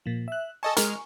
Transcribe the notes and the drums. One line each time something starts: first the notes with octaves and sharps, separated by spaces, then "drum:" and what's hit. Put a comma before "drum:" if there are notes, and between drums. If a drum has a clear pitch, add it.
A#2 F3
E5 F#6
A4 D#5 G#5 A5 C#6
G#3 A#4 F6, drum: hi-hat